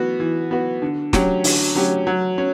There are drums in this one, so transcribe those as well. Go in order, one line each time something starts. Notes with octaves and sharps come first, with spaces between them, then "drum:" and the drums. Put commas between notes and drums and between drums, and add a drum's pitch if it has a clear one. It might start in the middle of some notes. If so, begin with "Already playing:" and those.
Already playing: E3 B3 F#4
E3
B3 F#4
D3
F#3 C#4 G4, drum: snare
D3, drum: open hi-hat
F#3 C#4 G4
F#3
C#4